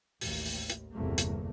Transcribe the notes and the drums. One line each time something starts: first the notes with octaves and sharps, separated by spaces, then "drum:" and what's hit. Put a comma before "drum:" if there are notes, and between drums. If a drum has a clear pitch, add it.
A1 D#2, drum: open hi-hat
drum: open hi-hat
drum: hi-hat
G1 E2 C3 A3 A#3
drum: hi-hat